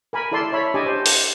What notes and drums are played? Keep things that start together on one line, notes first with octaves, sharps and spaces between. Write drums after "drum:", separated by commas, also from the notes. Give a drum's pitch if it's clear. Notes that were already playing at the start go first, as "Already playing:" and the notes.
A#4 G#5 B5
E4 A4 D5 A5 C6
C#5 E5 B5
D4 G4 D#5 G#5 A5 D6
C5
drum: open hi-hat